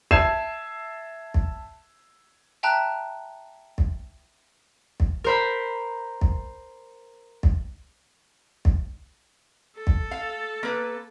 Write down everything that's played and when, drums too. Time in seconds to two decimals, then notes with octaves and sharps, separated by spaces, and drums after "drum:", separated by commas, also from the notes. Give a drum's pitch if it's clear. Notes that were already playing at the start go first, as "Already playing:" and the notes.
0.11 E5 A5 E6 G#6 C7 E7, drum: kick
1.34 drum: kick
2.63 E5 G5 A5 A#5 F#6
3.78 drum: kick
5.00 drum: kick
5.24 A#4 C5 B5
6.21 drum: kick
7.43 drum: kick
8.65 drum: kick
9.77 A4
9.87 drum: kick
10.11 F5
10.63 A#3 B4